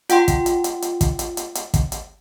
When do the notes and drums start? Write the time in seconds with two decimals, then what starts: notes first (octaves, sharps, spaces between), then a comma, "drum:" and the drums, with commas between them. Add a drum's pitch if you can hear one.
0.09 F4 F#5 G5 C6, drum: hi-hat
0.28 drum: kick, hi-hat
0.46 drum: hi-hat
0.64 drum: hi-hat
0.82 drum: hi-hat
1.01 drum: kick, hi-hat
1.19 drum: hi-hat
1.37 drum: hi-hat
1.55 drum: hi-hat
1.74 drum: kick, hi-hat
1.92 drum: hi-hat